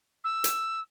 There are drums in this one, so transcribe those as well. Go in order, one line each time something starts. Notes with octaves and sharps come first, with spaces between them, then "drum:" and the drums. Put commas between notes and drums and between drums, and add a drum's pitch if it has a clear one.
E6
drum: hi-hat